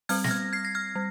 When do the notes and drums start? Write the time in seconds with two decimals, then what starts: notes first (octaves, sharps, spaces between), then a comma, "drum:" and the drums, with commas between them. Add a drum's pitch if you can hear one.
0.09 G3 C4 F6 G#6, drum: open hi-hat
0.24 A#6, drum: snare
0.31 F6 G#6
0.53 G#6 C7
0.65 A#6
0.75 F6 G#6
0.96 G3